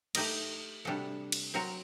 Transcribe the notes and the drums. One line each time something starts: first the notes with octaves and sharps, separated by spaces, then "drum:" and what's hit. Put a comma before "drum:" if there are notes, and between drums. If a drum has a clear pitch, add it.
A3 D#4 G4 A#4 D#5, drum: cymbal
C3 G3 D4 F#4 A4
drum: cymbal
F#3 C4 F#4 A#4